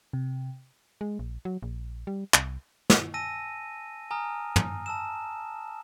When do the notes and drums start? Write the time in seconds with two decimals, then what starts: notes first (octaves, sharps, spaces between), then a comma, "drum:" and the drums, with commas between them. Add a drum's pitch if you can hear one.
0.13 C3
1.01 G#3
1.19 A#1
1.45 F#3
1.63 A#1
2.07 G3
2.34 C2, drum: clap
2.90 drum: snare
3.14 G#5 A5 E6 A#6 D#7
4.11 G#5 A#5 D#6 F6
4.56 drum: tom
4.86 A5 E6 E7